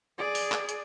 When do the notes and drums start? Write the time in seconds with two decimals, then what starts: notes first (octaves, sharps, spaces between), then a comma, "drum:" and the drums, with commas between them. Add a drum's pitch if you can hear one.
0.18 G#4 D5
0.35 drum: open hi-hat
0.52 drum: clap
0.69 drum: hi-hat